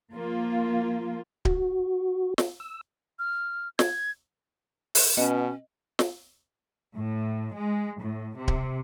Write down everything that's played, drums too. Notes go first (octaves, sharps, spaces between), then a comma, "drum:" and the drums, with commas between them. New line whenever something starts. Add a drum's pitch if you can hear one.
F3 A#3 F4
F#4, drum: kick D1
drum: snare
E6
F6
G#6, drum: snare
drum: open hi-hat
B2 B3 C#4 D#5
drum: snare
A2
G#3
A2
C3
drum: kick D1